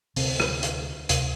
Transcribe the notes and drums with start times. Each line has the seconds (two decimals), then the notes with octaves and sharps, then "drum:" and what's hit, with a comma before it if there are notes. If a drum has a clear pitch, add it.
0.16 D2 C3 C4, drum: open hi-hat
0.40 drum: rim click
0.63 drum: hi-hat
1.09 D2 C3, drum: hi-hat